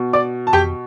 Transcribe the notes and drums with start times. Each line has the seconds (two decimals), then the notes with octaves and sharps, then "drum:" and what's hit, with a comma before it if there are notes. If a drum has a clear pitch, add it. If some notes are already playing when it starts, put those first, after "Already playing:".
Already playing: B2
0.13 D5 D6
0.47 A5
0.53 G4 G5, drum: tom F2